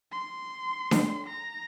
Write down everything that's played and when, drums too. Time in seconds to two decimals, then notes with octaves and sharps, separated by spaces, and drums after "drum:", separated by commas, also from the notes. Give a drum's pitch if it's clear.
0.12 C6
0.91 drum: snare D4
1.27 A#5